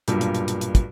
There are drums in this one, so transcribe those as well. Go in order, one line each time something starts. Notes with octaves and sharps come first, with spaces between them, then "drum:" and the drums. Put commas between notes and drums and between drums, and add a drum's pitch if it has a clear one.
B1 G2 A#2, drum: hi-hat
drum: hi-hat
drum: hi-hat
drum: hi-hat
drum: hi-hat
drum: kick, hi-hat